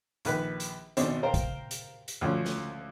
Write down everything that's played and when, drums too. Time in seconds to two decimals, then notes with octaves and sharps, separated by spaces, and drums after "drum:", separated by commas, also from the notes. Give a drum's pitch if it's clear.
0.25 A#1 D#3 B4, drum: hi-hat
0.60 drum: hi-hat
0.97 G#1 B2 D4 C5, drum: hi-hat
1.23 A#4 C5 F5 G5 A#5
1.34 drum: kick, hi-hat
1.71 drum: hi-hat
2.08 drum: hi-hat
2.21 D2 F3 C#4 C6
2.45 drum: snare